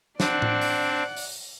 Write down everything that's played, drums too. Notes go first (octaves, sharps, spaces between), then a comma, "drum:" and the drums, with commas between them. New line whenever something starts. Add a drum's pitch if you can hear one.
C4 D4 D5 F#5, drum: snare
drum: tom A2
drum: open hi-hat
drum: open hi-hat